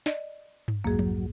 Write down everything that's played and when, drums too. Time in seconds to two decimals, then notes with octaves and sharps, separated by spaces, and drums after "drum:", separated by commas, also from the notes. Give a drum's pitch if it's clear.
0.06 D5 D#5, drum: snare
0.68 drum: tom G2
0.84 B1 F2 G#2 F#3 A#3 G#4
0.99 drum: tom F3